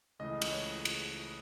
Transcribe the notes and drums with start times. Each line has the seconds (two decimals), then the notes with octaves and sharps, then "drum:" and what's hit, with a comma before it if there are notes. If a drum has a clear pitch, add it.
0.19 C#2 C#3 E3 A3 D#5
0.42 drum: cymbal
0.52 C#5
0.85 drum: cymbal